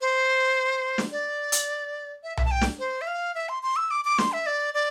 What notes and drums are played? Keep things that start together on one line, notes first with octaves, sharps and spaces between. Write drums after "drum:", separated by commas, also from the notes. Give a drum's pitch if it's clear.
C5
drum: snare
D5
drum: hi-hat
E5
E5, drum: tom B1
A5
G5
drum: snare
C5
E5
F5
E5
C6
C6
E6
D6
D6
C6, drum: snare
E5
D5
D5